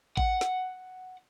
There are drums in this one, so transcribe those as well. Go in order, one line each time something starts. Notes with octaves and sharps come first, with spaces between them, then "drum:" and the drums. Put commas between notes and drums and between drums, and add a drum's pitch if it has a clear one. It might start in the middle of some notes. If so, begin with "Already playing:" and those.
F#5, drum: kick A1
drum: snare